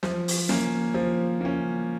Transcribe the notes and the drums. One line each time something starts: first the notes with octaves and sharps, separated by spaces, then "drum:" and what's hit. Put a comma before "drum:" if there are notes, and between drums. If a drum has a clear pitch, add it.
F3, drum: snare
drum: open hi-hat
A#3 C#4, drum: snare
F3
A#3 C#4